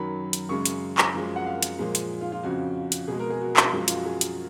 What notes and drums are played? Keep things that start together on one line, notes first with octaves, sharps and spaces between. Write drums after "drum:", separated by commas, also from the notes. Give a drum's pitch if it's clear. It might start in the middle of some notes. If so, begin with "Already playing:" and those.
Already playing: F#2 D#3 F#3 B5
drum: hi-hat
F#2 C#3 G#3 C#6
drum: hi-hat
drum: clap
F#2 F3 G#3
F#5
F5
drum: hi-hat
A#2 F3 G#3
drum: hi-hat
F4
F4
F2 C#3 F3 F#4
drum: hi-hat
B2 G#3 G#4
A#4
G#4
F#4
drum: clap
F#2 F3 G#3
F4, drum: hi-hat
F#4
G#4
drum: hi-hat